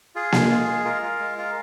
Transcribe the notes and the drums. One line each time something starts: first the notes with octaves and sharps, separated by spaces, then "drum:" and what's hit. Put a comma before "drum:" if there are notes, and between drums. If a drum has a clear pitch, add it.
F4 G#4
G#3, drum: snare A#3
F4
G#3
F4 A#4
F4
G#3
F4